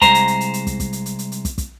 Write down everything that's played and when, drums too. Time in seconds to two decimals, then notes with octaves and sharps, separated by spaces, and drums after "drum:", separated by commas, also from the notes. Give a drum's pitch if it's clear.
0.02 C2 G#3 C5 A#5, drum: kick, hi-hat
0.15 drum: hi-hat
0.28 drum: hi-hat
0.41 drum: hi-hat
0.54 drum: hi-hat
0.67 drum: kick, hi-hat
0.80 drum: kick, hi-hat
0.93 drum: hi-hat
1.06 drum: hi-hat
1.19 drum: hi-hat
1.32 drum: hi-hat
1.45 drum: kick, hi-hat
1.58 drum: kick, hi-hat